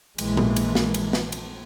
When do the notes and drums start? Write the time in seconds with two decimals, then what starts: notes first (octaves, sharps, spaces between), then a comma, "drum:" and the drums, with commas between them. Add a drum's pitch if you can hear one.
0.18 A#1 E3 G#3 A#3, drum: cymbal
0.37 drum: tom A#2
0.56 drum: cymbal
0.75 drum: snare
0.94 drum: cymbal
1.13 drum: snare
1.32 drum: cymbal